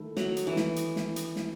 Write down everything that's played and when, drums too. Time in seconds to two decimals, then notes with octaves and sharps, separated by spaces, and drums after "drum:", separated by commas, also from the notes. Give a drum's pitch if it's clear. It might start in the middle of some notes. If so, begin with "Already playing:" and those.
Already playing: D#3 A3 E4
0.17 F#3, drum: snare
0.37 drum: hi-hat
0.47 E3
0.56 drum: snare
0.76 drum: hi-hat
0.96 drum: snare
1.16 drum: hi-hat
1.36 drum: snare